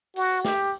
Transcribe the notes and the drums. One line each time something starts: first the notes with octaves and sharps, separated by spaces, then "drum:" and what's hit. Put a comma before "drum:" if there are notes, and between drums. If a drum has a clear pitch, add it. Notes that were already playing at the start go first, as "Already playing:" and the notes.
F#4, drum: open hi-hat
G4, drum: snare